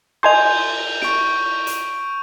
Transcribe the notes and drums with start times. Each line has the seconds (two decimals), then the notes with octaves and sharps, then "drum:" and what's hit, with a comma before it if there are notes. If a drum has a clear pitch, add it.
0.23 D#5 G#5 C6 G6 F7, drum: cymbal
1.02 C#6 D7, drum: snare
1.67 drum: hi-hat